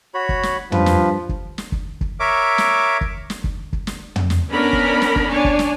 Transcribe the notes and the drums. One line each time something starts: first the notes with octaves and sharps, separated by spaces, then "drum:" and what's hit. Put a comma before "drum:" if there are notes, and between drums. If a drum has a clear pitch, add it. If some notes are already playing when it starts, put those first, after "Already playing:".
F#4 C#5 B5
drum: kick
drum: snare
G2 F3 B4, drum: tom
drum: snare
drum: kick
drum: snare
drum: kick
drum: kick
A#4 C#5 E5 D6
drum: snare
drum: kick
drum: snare
drum: kick
drum: kick
drum: snare
drum: tom
drum: snare
B3 C#4 D4 A#4 B5
drum: kick
drum: snare
drum: kick
D4 C#5 G#5
drum: kick
drum: snare